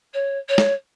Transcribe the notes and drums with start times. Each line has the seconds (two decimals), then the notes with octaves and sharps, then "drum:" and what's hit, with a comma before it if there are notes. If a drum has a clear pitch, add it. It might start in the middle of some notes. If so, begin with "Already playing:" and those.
0.13 C#5
0.48 C#5
0.58 drum: snare